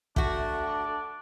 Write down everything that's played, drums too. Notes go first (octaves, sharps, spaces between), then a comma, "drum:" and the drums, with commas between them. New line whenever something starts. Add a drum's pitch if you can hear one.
A3 D4 F#4, drum: kick